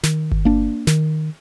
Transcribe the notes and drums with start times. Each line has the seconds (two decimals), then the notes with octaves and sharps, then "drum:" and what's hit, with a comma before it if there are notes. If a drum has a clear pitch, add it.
0.03 D#3, drum: snare
0.32 drum: kick G1
0.45 A#3 D4
0.87 D#3, drum: snare